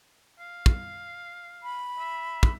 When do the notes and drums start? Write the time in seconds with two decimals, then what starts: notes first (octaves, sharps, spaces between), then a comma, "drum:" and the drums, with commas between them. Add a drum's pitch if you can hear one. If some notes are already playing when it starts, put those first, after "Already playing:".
0.39 F5
0.66 drum: kick
1.63 B5
1.99 E5
2.43 drum: kick